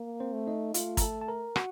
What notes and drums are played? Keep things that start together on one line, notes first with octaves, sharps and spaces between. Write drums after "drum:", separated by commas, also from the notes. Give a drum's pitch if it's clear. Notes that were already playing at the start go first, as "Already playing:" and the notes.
Already playing: A#3
C4 C5
A3
D#4 D#5
A3 F4 F5, drum: hi-hat
A#5, drum: kick, hi-hat
A4 A5
A5
A#4 A#5
F#4 F#5, drum: rim click